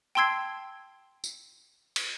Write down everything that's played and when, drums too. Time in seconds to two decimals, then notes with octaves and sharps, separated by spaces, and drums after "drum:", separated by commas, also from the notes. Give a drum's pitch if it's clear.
0.15 G5 A5 C6 E6 G#6 C7
1.24 drum: tambourine
1.96 drum: cymbal